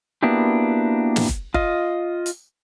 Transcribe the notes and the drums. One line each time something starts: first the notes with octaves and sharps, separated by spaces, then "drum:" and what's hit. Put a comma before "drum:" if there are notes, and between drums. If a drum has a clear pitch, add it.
A#3 B3 D4 E4 F#4 G4
drum: snare
drum: kick
F4 D#5, drum: kick
drum: hi-hat